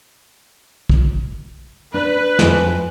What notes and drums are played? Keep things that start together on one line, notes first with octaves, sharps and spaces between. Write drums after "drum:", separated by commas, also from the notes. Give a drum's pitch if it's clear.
drum: kick
D4 B4
F2 F3 G#5, drum: snare